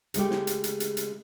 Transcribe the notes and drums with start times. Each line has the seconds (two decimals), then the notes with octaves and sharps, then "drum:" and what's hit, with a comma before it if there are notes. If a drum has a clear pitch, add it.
0.14 C#3 G#3 A3 G4, drum: hi-hat
0.31 drum: snare
0.47 drum: hi-hat
0.64 drum: hi-hat
0.80 drum: hi-hat
0.97 drum: hi-hat